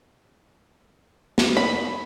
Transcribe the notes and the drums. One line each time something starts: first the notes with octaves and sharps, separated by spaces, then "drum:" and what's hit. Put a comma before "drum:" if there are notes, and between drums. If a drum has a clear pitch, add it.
drum: snare
B5